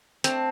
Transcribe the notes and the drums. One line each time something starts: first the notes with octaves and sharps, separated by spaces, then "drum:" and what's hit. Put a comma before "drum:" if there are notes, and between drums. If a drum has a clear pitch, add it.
A3 C4 D4 A4, drum: hi-hat